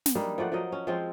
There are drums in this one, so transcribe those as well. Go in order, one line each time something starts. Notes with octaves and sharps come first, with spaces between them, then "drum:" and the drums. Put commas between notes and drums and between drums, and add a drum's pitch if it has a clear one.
drum: snare
G3 A#3 D4 D#4
F3 A3 D5 F#5
F3 F#3 A#4 D#5
C#4
F3 G#3 C4 F4